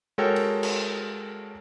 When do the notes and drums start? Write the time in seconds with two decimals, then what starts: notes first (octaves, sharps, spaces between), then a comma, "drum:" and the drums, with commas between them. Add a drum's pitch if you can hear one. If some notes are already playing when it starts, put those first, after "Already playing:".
0.18 G#3 F#4 A4 A#4 C#5 G5
0.36 drum: cymbal
0.63 drum: cymbal